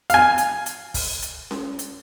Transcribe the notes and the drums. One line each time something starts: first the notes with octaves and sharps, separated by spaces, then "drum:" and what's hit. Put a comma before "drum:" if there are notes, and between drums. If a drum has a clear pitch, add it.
F5 G#5, drum: hi-hat
drum: hi-hat
drum: hi-hat
drum: kick, open hi-hat
drum: hi-hat
drum: snare C#4
drum: hi-hat